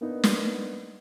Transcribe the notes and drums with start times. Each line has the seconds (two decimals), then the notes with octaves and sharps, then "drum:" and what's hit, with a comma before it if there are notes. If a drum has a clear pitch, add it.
0.01 A#3 B3 D4 D#4
0.24 drum: snare